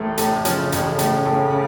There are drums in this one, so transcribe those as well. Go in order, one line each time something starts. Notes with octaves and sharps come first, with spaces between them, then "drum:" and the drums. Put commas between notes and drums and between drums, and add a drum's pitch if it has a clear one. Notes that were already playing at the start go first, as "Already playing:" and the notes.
Already playing: A1 A2 A3
A2 C3, drum: hi-hat
C#3 F3, drum: hi-hat
A1 C#3, drum: hi-hat
A2, drum: hi-hat
A2